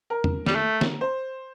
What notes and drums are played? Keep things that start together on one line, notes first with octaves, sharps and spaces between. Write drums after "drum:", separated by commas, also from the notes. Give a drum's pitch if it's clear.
A#4
drum: tom
G3, drum: snare
A3
drum: snare
C5